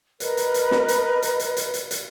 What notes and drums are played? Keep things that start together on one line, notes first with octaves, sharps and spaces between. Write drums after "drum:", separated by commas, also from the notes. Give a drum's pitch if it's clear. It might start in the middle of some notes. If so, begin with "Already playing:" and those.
A#4 B4 D#5, drum: hi-hat
drum: hi-hat
drum: hi-hat
drum: snare
drum: hi-hat
drum: hi-hat
drum: hi-hat
drum: hi-hat
drum: hi-hat
drum: hi-hat